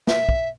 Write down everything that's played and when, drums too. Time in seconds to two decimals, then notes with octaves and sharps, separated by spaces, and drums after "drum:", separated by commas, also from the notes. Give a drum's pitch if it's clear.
0.07 E5, drum: snare
0.29 drum: kick